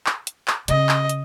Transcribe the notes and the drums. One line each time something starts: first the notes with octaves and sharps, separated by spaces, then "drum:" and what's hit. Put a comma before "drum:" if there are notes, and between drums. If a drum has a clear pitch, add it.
drum: clap
drum: hi-hat
drum: clap
C#3 C#4 D#5, drum: hi-hat
drum: clap
drum: hi-hat